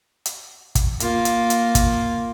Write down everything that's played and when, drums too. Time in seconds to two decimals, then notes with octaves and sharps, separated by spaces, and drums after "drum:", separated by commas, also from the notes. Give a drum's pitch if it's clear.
0.26 drum: hi-hat
0.75 drum: kick, hi-hat
1.00 A#3 F4, drum: hi-hat
1.25 drum: hi-hat
1.50 drum: hi-hat
1.75 drum: kick, hi-hat